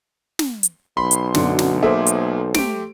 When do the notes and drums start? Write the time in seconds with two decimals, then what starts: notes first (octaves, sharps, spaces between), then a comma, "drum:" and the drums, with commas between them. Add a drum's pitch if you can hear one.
0.39 drum: snare
0.63 drum: hi-hat
0.97 B1 B5 C6
1.11 drum: hi-hat
1.35 F#2 D3, drum: snare
1.59 drum: snare
1.83 A#3 G#4 A4 C5 E5 D6
2.06 drum: hi-hat
2.54 A3 G4 D7, drum: snare